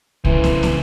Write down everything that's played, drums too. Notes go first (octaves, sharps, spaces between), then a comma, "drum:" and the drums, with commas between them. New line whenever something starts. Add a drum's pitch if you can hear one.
C#3 E3 F3, drum: kick C2
drum: snare
drum: snare